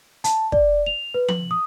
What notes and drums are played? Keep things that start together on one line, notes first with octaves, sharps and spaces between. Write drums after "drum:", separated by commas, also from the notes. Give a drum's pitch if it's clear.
A5, drum: hi-hat
D5, drum: kick
F7
B4
F#7, drum: tom F3
D#6